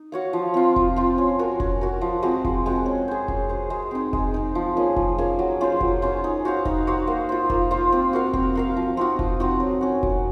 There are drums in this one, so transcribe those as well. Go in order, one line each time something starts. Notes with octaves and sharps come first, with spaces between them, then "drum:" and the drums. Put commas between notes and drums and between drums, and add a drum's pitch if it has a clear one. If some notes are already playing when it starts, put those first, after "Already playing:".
Already playing: D#4
F#4 C#5 F5
F3
C4 F4
F3, drum: kick F1
C4 F4
C#4
F#4 A#4
C#4, drum: kick F1
F#4 A#4
F3
G#3 C4 F#4
F3, drum: kick F1
G#3 C4 F#4
C#4
G#4 C5
C#4, drum: kick F1
G#4 C5
G#3
C4 D#4
G#3, drum: kick F1
C4 D#4
F3
A#3 C#4 G#4
F3, drum: kick F1
A#3 C#4 G#4
F#3
C#4 F4 C5
F#3, drum: kick F1
C#4 F4 C5
D#4
F#4 C5 F5
D#4, drum: kick F1
F#4 C5 F5
A#3
F4 C5
A#3, drum: kick F1
F4 C5
C4
F#4 A#4 F5
C4, drum: kick F1
F#4 A#4 F5
F3
C4 D#4 F#4
F3, drum: kick F1
C4 D#4 F#4
F#3
C#4 F#4
F#3, drum: kick F1